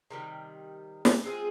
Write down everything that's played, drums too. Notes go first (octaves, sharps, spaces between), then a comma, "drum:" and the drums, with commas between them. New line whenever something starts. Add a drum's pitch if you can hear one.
C3 D#3 G3
drum: snare
G#3 C4 F4 G#4